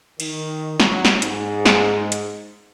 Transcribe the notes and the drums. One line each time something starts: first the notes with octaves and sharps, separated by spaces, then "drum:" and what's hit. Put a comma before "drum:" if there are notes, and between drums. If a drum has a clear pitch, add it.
D#3, drum: cymbal
F#3, drum: snare
drum: snare
G#2, drum: hi-hat
drum: snare
drum: hi-hat